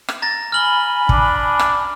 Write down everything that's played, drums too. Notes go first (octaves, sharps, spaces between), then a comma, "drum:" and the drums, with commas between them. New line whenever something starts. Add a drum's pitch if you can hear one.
drum: rim click
A#5 A6 A#6
G#5 B5 F6 F#7 G7
D4, drum: kick
drum: rim click